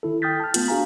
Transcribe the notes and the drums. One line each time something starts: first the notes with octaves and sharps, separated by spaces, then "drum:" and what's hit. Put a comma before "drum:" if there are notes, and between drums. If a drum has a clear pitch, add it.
D#3 E4 A4
G5 D#6 F6 G6 A6 B6
A5 F6
A3 B3 F4, drum: hi-hat
D4 F#4 G#4 F5 G#5 A#5